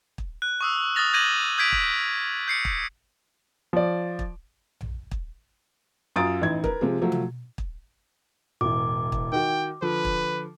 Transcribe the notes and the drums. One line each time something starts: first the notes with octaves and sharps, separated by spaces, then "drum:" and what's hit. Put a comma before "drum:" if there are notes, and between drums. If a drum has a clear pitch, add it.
drum: kick
F#6
C#6 D#6 E6
D#6 F6 A6 A#6 F7
D6 G6 G#6 A#6 D#7 F#7
D#6 G6 G#6 B6 D7
drum: kick
G6 C7 C#7
drum: kick
F3 D5
drum: kick
drum: tom A#1
drum: kick
F#2 F4 D#6 A6 D7
A1 D#4 E4 G#6
A#4 B4, drum: kick
C3 F3 G#3
F3 F#3 A3
drum: tom
drum: kick
E1 A1 D6
drum: kick
D#3 F#4 G5
D3 F3 B4
drum: kick